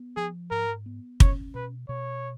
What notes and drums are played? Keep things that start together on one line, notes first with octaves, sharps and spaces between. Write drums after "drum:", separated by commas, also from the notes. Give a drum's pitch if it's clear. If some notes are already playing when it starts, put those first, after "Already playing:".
Already playing: B3
F3 G#4
G#2 A#4
B3
C#4 C#5, drum: kick
B2 B4
B2 C#5